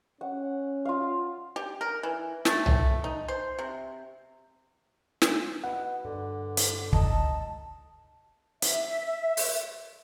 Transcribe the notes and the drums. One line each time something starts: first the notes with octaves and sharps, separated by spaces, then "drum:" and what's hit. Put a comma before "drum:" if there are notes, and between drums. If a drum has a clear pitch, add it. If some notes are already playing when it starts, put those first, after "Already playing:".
C#4 F#5
F4 F5
G4
A#4
E3
A3, drum: snare
drum: tom B1
D#4
C5
C3
drum: snare
B2 F#5
G2 D3
drum: hi-hat
C#2 D#4 A5, drum: kick
E5, drum: hi-hat
drum: open hi-hat